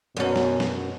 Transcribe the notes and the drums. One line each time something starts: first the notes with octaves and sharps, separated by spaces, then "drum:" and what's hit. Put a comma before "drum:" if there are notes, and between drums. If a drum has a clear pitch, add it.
F#2 B2 C#4
drum: snare
drum: snare